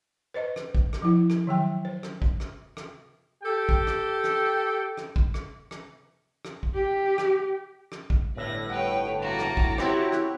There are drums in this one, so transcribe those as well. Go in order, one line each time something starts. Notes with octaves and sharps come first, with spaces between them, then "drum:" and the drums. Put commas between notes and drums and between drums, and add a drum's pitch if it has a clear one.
B4 C5 D#5
drum: rim click
drum: kick
drum: rim click
F3 E4
drum: rim click
D#3 F#3 G5
C5
drum: rim click
drum: kick
drum: rim click
drum: rim click
G4 A4 G5
drum: kick
drum: rim click
drum: rim click
drum: rim click
drum: kick
drum: rim click
drum: rim click
drum: rim click
drum: kick
G4
drum: rim click
drum: rim click
drum: kick
G1 A2 B4 A#6
B4 C#5 F#5 G5
A#3 F#4 A#5 D6 A6
drum: rim click
drum: kick
C4 E4 F#4 G4 C#5, drum: rim click
drum: rim click